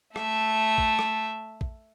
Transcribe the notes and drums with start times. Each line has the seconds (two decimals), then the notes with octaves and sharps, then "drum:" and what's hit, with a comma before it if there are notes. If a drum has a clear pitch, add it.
0.16 A3 E5, drum: rim click
0.78 drum: kick
0.99 drum: rim click
1.61 drum: kick